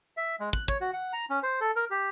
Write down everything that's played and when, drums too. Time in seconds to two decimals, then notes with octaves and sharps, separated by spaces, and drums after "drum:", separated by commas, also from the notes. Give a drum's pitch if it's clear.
0.17 E5
0.40 G#3
0.53 F#6, drum: kick
0.68 C#5, drum: kick
0.81 F#4
0.93 F#5
1.13 A#5
1.30 C#4
1.43 C5
1.61 A4
1.76 A#4
1.91 G4